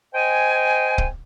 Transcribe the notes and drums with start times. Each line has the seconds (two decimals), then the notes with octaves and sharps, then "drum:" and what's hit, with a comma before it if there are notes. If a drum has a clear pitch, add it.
0.14 C5 D#5 G5 G#5
0.98 drum: kick C#1